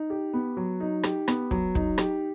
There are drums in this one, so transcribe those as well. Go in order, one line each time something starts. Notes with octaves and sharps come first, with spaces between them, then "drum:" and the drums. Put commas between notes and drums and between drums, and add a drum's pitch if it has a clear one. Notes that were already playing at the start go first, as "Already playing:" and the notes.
Already playing: D#4
G4
B3
F#3
D#4
G4, drum: rim click
B3, drum: rim click
F#3, drum: kick
D#4, drum: kick
G4, drum: rim click